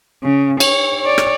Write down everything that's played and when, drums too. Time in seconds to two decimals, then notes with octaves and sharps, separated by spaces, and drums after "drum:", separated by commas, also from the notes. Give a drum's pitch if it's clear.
0.24 C#3
0.60 C#5, drum: cymbal
1.02 C#5 D5
1.18 drum: rim click